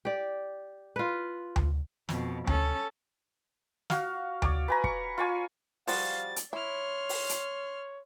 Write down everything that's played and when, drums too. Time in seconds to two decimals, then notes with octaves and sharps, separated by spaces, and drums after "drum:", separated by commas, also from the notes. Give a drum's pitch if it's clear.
0.05 G4 D5
0.96 F4 B4
1.56 drum: tom D2
2.09 F2 B2, drum: snare
2.47 C#4 A4, drum: tom D2
3.90 F#4 F5, drum: snare
4.42 C#5 D5, drum: tom D2
4.68 B4 G#5 A#5
4.84 C#6, drum: kick
5.18 F4 C#5 G#5
5.87 F3 G3 F#4 F5 A6, drum: open hi-hat
6.36 drum: hi-hat
6.53 E4 C#5 C6 F6
7.09 drum: open hi-hat
7.29 drum: hi-hat